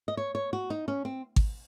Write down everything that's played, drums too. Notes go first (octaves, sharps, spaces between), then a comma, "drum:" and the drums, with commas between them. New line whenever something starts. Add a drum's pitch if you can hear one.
D#5
C#5
C#5
F#4
D#4
C#4
C4
drum: kick G#1